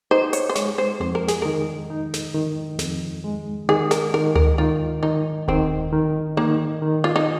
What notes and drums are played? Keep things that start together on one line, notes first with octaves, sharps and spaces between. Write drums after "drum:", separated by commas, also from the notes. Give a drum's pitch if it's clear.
D#4 C5
C#5, drum: hi-hat
C5
G#3 C#5, drum: snare
C5
F2 C5
A#4
G#4, drum: snare
D#3 A#4
D#4
drum: snare
D#3
F2, drum: snare
G#3
D#3 G#4
A#4, drum: snare
D#3 A#4
A#4, drum: tom D2
D#3 F4
D#3 D#4
D#3 C4, drum: kick D#1
D#3
D#3 A#3
D#3
F4
D#4